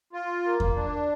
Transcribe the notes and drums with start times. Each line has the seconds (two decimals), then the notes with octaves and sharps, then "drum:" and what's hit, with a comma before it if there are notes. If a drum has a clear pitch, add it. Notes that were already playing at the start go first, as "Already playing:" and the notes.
0.13 F4
0.44 A#3
0.60 drum: kick E2
0.75 D4